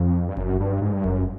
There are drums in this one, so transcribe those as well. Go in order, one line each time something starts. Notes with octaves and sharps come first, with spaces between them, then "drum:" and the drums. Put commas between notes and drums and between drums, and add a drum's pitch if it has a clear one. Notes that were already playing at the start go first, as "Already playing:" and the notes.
Already playing: F2
G2
F#2, drum: kick F#1
G2
G#2
G2
F#2, drum: kick F#1